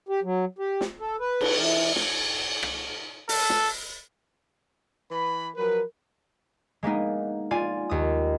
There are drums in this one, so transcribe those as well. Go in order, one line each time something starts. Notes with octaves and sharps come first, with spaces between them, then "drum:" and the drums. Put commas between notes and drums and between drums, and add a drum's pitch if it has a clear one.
G4
F#3
G4
drum: snare
A4
B4
drum: cymbal
E3
drum: snare
drum: rim click
A4, drum: open hi-hat
drum: snare
E3 B4 B5
F3 F#3 A#4 B4
G#3 A#3 B3 D#4
F4 D5 G#5
D#2 D#6